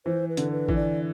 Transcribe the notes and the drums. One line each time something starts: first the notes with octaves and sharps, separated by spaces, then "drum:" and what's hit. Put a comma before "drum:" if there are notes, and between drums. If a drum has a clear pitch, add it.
E3 C5
B4
D3, drum: hi-hat
B4
E3, drum: kick A1
D5